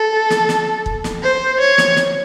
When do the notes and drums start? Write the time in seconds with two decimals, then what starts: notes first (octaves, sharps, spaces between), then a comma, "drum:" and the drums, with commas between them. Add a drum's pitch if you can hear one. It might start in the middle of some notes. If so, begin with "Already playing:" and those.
Already playing: A4
0.30 drum: snare
0.49 drum: snare
0.86 drum: kick
1.04 drum: snare
1.23 C5
1.60 C#5
1.78 drum: snare
1.96 drum: snare